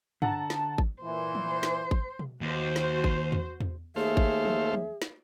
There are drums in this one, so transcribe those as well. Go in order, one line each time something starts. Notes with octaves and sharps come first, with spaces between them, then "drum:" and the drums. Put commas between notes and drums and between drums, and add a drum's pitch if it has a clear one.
D3 D4 F#5 A5 A#5, drum: tom G2
drum: snare
drum: kick G#1
A#2 E3 C5
drum: tom E3
drum: snare
drum: kick G#1
drum: tom B2
D#2 F#4 C5
drum: snare
drum: kick G#1
drum: tom E2
drum: tom E2
D#2 A3 G#4 C5 E5 F5
drum: kick G#1
drum: tom E3
drum: tom E3
drum: snare